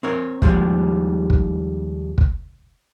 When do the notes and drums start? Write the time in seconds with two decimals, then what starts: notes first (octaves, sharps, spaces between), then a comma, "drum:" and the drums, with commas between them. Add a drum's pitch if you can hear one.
0.03 C4 A#4 C#5
0.42 D#2 F3 G3 G#3, drum: kick
1.30 drum: kick
2.18 drum: kick